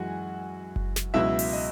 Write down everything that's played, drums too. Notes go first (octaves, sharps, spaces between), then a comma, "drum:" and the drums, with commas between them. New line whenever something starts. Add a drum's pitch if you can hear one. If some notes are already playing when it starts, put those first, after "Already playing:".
Already playing: F#2 E3 G#3 F#4 F#5 G#5
drum: kick F#1
drum: snare
C#2 B2 F#3 E4 E5
drum: open hi-hat
D#5